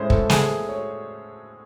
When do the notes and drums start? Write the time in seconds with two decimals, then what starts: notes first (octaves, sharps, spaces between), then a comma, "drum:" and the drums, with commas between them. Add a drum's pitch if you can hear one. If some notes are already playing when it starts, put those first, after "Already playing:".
Already playing: A2 G#3 C#4 C5
0.10 A4, drum: kick
0.30 G#4, drum: snare
0.69 C#5